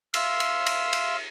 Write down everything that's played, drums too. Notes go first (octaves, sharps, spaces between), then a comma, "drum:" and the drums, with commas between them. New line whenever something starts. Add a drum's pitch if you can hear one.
E5 F5 C6 E6, drum: cymbal
drum: cymbal
drum: cymbal
drum: cymbal